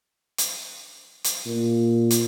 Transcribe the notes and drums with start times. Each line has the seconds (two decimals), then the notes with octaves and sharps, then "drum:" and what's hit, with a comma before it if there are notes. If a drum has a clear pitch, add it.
0.38 drum: hi-hat
1.24 drum: hi-hat
1.46 A#2
2.11 drum: hi-hat